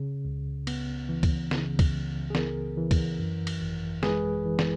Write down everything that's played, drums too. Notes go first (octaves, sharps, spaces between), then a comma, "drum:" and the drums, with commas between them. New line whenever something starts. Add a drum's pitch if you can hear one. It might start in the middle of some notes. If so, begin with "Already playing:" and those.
Already playing: C#3
C#2
B3, drum: cymbal
E3
drum: kick, cymbal
C#3, drum: snare
drum: kick, cymbal
C#2
G#4
B3 A#4, drum: snare
E3
drum: kick, cymbal
F#2
drum: cymbal
G#1
G#3 G#4 B4, drum: snare
E3
drum: snare